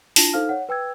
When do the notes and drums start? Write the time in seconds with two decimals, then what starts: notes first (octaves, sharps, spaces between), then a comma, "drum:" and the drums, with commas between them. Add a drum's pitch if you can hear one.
0.16 D4 E4 F4 A5 A#6, drum: open hi-hat
0.33 D#4 A4 C5 F5 F6
0.49 C#5 F#5
0.69 B4 G5 E6 G#6